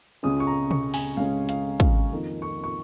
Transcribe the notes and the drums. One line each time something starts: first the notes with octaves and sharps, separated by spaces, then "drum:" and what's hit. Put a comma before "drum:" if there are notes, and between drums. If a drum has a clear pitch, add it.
C#2 C#3 G#3 C#4 D#6
C#6
A#5
C#6, drum: tom B2
G#5, drum: open hi-hat
C#2 C#3 G#3 C#4 F5
F5, drum: hi-hat
F5, drum: kick
F2 D#3 A#3 D#4
C#6
C#6